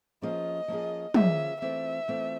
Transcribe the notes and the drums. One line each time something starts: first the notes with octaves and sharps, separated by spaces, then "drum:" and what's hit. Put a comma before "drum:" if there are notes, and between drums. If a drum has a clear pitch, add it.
F3 A#3 C#4 F4 G#4 D#5
F3 A#3 C#4 F4 G#4
F3 A#3 C#4 F4 G#4 E5, drum: tom
E3 A3 C4 F4 E5
E3 A3 C4 F4